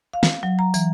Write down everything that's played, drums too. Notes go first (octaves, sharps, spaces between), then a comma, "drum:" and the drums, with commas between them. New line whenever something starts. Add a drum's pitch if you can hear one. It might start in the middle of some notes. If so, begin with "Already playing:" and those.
F5
drum: snare
F#3
A#5
E3, drum: tambourine